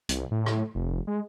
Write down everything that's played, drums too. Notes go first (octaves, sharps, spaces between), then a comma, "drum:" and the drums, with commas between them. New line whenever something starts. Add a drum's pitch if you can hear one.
C2, drum: hi-hat
A2
drum: rim click
F1
G#3